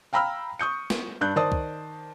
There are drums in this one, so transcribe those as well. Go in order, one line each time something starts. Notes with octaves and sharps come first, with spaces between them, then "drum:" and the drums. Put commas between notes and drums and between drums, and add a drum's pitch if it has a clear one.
F5 G5 A#5 B5 E6 F6
C#6 D#6 G6 C#7
drum: snare
G2 D4 F#6 G6
D#3 C5 D5 A5 D#6
drum: kick